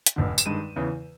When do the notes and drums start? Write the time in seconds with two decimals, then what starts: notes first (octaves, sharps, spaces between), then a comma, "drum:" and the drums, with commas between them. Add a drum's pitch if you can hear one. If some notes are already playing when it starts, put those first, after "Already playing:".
0.06 drum: hi-hat
0.16 F1 F2 D3
0.38 E7, drum: tambourine
0.46 G2 D#3 G#3 D#7
0.76 E2 C#3 E3